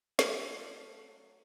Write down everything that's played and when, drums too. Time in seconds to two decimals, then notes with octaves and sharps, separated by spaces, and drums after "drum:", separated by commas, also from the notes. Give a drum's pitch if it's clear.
0.19 A3 F4, drum: snare
0.96 F#3